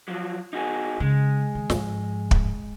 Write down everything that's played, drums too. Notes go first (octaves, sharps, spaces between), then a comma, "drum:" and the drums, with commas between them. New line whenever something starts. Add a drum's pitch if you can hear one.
F3 F#3
D#4 F#4 G#4
C#3 G#3
D#3
G#2 F3, drum: snare
drum: kick